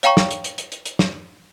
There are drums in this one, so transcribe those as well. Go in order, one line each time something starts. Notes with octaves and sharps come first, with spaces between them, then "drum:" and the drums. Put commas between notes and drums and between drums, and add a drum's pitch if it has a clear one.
C#5 F5 G5 A#5 C#6, drum: hi-hat
drum: snare
drum: hi-hat
drum: hi-hat
drum: hi-hat
drum: hi-hat
drum: hi-hat
drum: snare